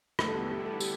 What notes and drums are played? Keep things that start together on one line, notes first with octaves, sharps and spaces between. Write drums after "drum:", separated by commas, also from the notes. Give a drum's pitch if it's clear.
D3 G3 A3 B3 E4, drum: rim click
A4
G4
G4
A4
G4, drum: tambourine